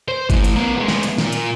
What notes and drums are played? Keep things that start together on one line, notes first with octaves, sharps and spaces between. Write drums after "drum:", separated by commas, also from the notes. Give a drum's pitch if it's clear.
C5
E3 A3, drum: kick, hi-hat
drum: hi-hat
B3 A#4
G#3 B3
drum: snare
drum: hi-hat
A#2, drum: snare
drum: hi-hat